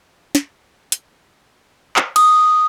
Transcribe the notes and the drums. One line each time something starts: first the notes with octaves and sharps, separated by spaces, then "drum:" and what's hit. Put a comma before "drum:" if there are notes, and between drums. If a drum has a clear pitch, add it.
drum: snare
drum: hi-hat
drum: clap
D#6, drum: cymbal